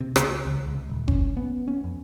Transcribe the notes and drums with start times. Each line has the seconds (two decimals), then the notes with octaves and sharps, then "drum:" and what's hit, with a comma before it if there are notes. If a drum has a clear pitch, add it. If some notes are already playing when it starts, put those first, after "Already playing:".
0.01 C3
0.16 C#2, drum: rim click
0.47 C#2
0.67 C#2
0.89 D#1
1.08 C#4, drum: kick F#1
1.37 B3
1.68 C#4
1.84 F2